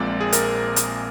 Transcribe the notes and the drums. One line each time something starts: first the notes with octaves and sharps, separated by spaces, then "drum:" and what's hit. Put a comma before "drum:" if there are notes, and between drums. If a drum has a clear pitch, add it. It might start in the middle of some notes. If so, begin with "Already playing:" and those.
Already playing: A#1 A#2 G#3 C4 D5
G#4
A#4, drum: hi-hat
drum: hi-hat